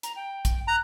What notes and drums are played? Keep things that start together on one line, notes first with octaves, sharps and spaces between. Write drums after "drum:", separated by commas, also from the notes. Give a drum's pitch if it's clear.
A#5, drum: hi-hat
G5
drum: kick A#1, hi-hat
A#5 F#6